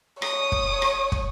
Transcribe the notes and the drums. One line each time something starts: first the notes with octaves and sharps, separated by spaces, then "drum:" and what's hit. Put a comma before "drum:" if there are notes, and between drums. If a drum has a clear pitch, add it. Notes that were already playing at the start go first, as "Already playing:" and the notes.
C#5 D#6, drum: rim click
drum: kick
drum: rim click
drum: kick